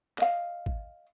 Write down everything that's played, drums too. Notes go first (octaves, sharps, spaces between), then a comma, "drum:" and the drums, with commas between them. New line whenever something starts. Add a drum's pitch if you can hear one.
D#5 F5, drum: clap
drum: kick